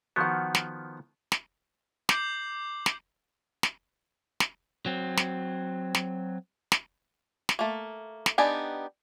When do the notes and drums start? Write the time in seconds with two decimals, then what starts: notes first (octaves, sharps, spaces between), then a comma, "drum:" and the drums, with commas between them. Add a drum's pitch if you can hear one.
0.16 D#3 F3 B3 F#4 F#5
0.55 drum: snare
1.32 drum: snare
2.09 D6 G6 C7 F#7, drum: snare
2.86 drum: snare
3.63 drum: snare
4.40 drum: snare
4.86 F#3 C4
5.17 drum: snare
5.95 drum: snare
6.72 drum: snare
7.49 drum: snare
7.59 A3 A#3
8.26 drum: snare
8.38 B3 D4 D#4 G4 G#5